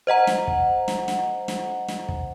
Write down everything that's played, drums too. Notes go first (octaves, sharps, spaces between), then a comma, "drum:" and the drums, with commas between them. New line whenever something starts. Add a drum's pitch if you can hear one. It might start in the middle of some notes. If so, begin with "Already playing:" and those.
C5 D#5 F#5 A#5
drum: snare
drum: kick
drum: snare
drum: snare
drum: snare
drum: snare
drum: kick